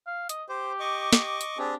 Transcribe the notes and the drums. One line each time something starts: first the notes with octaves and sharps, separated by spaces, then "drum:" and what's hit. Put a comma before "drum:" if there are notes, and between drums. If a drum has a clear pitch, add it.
F5
D#5, drum: hi-hat
G4 C5
D#5 C#6 D6
G4, drum: snare
drum: hi-hat
C4 D4 G4 G#4